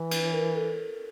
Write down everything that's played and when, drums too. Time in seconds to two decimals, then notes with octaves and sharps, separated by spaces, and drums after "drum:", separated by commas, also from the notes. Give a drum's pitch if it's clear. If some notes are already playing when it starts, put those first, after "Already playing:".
Already playing: E3
0.11 B4, drum: cymbal
0.33 A#4
0.55 A4